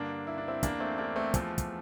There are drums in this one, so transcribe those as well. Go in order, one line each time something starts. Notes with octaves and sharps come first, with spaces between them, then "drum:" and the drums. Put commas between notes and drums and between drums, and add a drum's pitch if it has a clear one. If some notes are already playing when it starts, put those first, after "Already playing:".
Already playing: G2 D3 A#3 D4
E4
D4
C4 E4
E2 E3 A#3 D4, drum: kick, hi-hat
A3 C4
A#3 D4
A3 C4
E2 E3 F3 A3, drum: kick, hi-hat
drum: kick, hi-hat